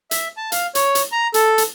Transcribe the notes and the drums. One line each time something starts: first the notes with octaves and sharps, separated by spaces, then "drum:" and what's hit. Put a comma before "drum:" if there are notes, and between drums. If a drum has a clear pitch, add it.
E5, drum: hi-hat
A5
F5, drum: hi-hat
C#5, drum: hi-hat
drum: hi-hat
A#5
A4, drum: hi-hat
drum: hi-hat